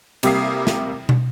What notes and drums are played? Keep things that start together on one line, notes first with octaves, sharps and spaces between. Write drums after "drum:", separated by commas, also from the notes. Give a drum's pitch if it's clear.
C3 G3 A#3 E5 D#6 C7, drum: cymbal
drum: snare
drum: tom